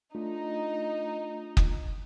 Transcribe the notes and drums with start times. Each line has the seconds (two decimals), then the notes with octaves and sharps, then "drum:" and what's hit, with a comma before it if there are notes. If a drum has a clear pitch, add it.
0.15 A3 D4 D#4 F4
1.57 drum: kick